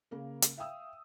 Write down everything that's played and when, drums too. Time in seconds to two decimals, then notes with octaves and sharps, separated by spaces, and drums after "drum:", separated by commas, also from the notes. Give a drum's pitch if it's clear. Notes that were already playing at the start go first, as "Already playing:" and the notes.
0.11 C#3 A#3 A#4
0.42 drum: hi-hat
0.58 E5 F5 G5 D#6 E6